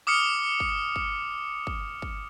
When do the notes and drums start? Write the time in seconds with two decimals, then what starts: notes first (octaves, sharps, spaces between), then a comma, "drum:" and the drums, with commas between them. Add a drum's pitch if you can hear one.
0.07 D6 D#6 F6 C#7
0.60 drum: kick
0.96 drum: kick
1.67 drum: kick
2.02 drum: kick